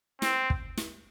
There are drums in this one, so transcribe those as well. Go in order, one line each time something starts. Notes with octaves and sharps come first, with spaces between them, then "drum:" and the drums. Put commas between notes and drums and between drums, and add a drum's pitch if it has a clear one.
C4, drum: snare
drum: kick
drum: snare